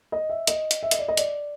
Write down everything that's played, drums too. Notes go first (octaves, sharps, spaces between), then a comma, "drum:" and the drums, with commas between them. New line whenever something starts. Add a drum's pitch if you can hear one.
D#5
E5
D#5, drum: hi-hat
drum: hi-hat
E5
D#5, drum: hi-hat
D5
D#5
D5, drum: hi-hat